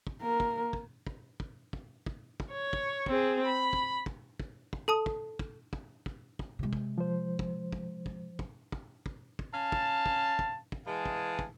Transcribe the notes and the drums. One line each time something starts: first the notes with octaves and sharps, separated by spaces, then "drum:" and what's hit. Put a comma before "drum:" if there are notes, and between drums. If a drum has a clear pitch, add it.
drum: kick
A#3 A#4
drum: kick
drum: kick
drum: kick
drum: kick
drum: kick
drum: kick
drum: kick
C#5
drum: kick
C4 G#4, drum: kick
B5
drum: kick
drum: kick
drum: kick
drum: kick
A4 A5 D#6
drum: kick
drum: kick
drum: kick
drum: kick
drum: kick
C3 G#3
drum: kick
F3 C5
drum: kick
drum: kick
drum: kick
drum: kick
drum: kick
drum: kick
drum: kick
C#4 F5 A5
drum: kick
drum: kick
drum: kick
drum: kick
E3 G#3 G#4 F5 A5
drum: kick
drum: kick